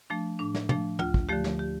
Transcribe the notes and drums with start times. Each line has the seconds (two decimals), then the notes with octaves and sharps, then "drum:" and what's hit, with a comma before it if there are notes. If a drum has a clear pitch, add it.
0.10 F3 A3 D4
0.39 A2 D4
0.55 drum: snare
0.69 F3 A3 D4, drum: tom
0.99 D2 F4, drum: tom
1.14 drum: kick
1.29 D3 F3 A3 G4
1.44 drum: snare
1.59 G4